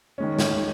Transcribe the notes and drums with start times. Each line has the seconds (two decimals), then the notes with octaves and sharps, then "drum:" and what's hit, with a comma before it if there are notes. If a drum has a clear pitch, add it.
0.18 D#3 G#3 C#4
0.39 drum: snare